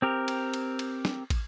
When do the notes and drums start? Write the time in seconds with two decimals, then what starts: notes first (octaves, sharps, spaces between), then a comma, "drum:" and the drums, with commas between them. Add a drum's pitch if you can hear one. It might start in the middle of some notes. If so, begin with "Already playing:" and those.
0.02 C4 G4 A#4
0.28 drum: cymbal
0.54 drum: cymbal
0.79 drum: cymbal
1.05 drum: snare
1.30 drum: kick, cymbal